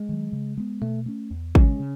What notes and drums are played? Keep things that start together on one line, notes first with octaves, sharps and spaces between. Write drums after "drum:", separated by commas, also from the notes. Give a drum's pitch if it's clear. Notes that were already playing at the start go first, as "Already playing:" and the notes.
Already playing: G#3
D#3 F#3
C#3
G#3 B3
B2 A3
A3 C#4
E2
C#3 G#3 C#4, drum: kick G#1
C#3